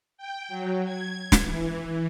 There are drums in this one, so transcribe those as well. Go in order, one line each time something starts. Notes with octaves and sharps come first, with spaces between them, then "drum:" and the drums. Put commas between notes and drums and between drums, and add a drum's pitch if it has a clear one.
G5
F#3
G#6
drum: snare
E3